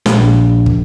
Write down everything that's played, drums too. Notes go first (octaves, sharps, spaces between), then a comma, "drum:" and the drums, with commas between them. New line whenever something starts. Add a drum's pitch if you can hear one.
A#1, drum: snare
drum: kick